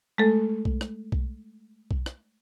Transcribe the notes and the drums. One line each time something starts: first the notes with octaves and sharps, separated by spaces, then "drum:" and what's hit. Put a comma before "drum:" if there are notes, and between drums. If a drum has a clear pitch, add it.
G#3 A3 A4
drum: kick B1
drum: rim click
drum: kick B1
drum: kick B1
drum: rim click